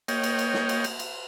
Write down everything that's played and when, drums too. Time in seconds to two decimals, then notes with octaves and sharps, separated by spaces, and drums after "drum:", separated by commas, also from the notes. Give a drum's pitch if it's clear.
0.08 A#3 C#5 D#5 G5, drum: cymbal
0.24 drum: cymbal
0.39 drum: cymbal
0.54 drum: snare
0.69 drum: cymbal
0.84 drum: cymbal
0.99 drum: cymbal